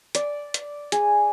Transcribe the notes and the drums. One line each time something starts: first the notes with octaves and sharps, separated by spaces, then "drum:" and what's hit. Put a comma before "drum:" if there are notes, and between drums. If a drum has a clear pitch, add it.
D5, drum: hi-hat
drum: hi-hat
G#4, drum: hi-hat